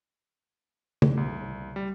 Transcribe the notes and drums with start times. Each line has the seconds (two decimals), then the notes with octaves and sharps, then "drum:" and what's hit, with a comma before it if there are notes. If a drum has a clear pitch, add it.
1.02 drum: tom
1.17 C2
1.76 G3